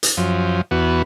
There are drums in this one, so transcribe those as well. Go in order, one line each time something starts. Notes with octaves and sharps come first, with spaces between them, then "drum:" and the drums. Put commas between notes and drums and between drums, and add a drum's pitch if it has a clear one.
drum: hi-hat
F#2 F3
E2 B3 F#4